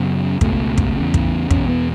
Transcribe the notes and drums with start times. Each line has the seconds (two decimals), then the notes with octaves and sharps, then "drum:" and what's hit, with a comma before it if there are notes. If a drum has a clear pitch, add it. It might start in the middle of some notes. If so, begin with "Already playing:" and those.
Already playing: F#2 C#3 B3
0.41 C#2 B2 A3, drum: kick
0.78 drum: kick
0.96 E2 C#3
1.14 drum: kick
1.50 E2 B2 C#4, drum: kick
1.69 B3